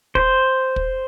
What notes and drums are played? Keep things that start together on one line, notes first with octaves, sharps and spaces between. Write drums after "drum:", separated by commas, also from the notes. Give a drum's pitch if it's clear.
C5, drum: kick
drum: kick